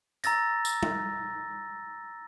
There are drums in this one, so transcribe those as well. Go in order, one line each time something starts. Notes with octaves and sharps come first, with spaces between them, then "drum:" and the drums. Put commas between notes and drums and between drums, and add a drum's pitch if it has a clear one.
A#5 E6 A6 A#6, drum: hi-hat
drum: tambourine
drum: tom G3